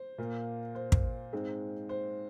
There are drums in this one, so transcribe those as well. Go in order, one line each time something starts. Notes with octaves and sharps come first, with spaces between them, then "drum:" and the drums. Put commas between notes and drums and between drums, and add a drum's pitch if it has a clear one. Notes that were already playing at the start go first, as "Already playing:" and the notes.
Already playing: C5
A#2 A#3
C5
drum: kick
G#2 G#3 C4
C5